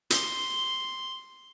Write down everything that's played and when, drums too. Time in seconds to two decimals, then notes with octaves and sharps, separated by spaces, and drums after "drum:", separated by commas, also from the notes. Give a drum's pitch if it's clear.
0.10 C6, drum: hi-hat